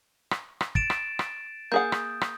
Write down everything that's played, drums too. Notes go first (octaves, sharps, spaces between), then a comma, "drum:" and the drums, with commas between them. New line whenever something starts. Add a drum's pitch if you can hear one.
drum: rim click
drum: rim click
A6 D7 E7, drum: kick
drum: rim click
drum: rim click
A#3 G#4 F#5 D#6 G6
drum: rim click
drum: rim click